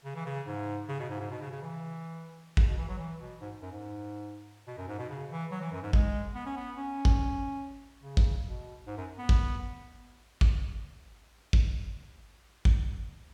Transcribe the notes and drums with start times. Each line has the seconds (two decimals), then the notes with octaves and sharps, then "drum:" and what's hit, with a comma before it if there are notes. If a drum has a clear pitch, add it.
0.04 C#3
0.15 E3
0.26 C#3
0.47 G#2
0.89 C#3
0.99 B2
1.10 G#2
1.20 G#2
1.31 B2
1.41 C#3
1.52 C#3
1.63 E3
2.57 C#3, drum: kick
2.67 B2
2.78 E3
2.89 F#3
2.98 E3
3.20 B2
3.41 G#2
3.62 F#2
3.72 G#2
4.67 B2
4.78 F#2
4.88 G#2
4.98 B2
5.09 C#3
5.30 E3
5.51 F#3
5.61 E3
5.72 F#2
5.82 G#2
5.93 G#3, drum: kick
6.35 B3
6.46 C#4
6.56 B3
6.77 C#4
7.05 drum: kick
8.03 C#3
8.17 drum: kick
8.45 B2
8.87 G#2
8.97 F#2
9.18 B3
9.29 drum: kick
10.41 drum: kick
11.53 drum: kick
12.65 drum: kick